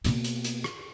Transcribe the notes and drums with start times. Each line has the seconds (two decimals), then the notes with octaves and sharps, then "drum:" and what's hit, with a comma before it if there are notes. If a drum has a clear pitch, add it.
0.05 B2 A#3, drum: hi-hat
0.24 drum: hi-hat
0.44 drum: hi-hat
0.64 drum: rim click